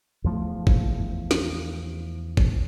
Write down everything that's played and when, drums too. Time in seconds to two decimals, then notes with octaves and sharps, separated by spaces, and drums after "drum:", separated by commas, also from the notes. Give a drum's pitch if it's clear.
0.24 E2 F3 A3
0.67 drum: kick
1.31 drum: snare
2.37 drum: kick